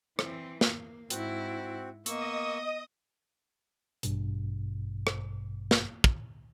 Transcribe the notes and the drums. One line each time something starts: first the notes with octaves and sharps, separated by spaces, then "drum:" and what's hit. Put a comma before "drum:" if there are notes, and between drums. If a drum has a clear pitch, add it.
E3 C4, drum: rim click
A#3, drum: snare
G#2 C4 E4 F#4, drum: hi-hat
A#3 B3 D#5 C#6 D#6 E6, drum: hi-hat
A1 G2 B2, drum: hi-hat
drum: rim click
drum: snare
drum: kick